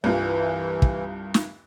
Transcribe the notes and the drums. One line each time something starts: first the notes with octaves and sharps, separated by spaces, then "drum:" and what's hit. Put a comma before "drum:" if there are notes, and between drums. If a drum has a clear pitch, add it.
C2 G2 E3 F4
drum: kick
drum: snare